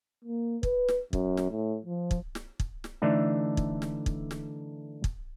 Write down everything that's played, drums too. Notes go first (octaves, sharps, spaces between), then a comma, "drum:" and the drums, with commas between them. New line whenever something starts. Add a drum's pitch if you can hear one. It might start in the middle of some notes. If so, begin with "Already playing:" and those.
A#3
B4, drum: kick
drum: snare
F#2, drum: kick
drum: snare
A2
F3
drum: kick
drum: snare
drum: kick
drum: snare
D3 E3 A3 D4 D#4
drum: kick
drum: snare
drum: kick
drum: snare
drum: kick